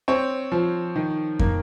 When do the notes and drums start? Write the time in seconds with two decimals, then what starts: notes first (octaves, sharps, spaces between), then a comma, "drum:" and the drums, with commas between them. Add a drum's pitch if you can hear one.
0.08 C4 C#5
0.52 F3
0.96 D#3
1.39 A#3, drum: kick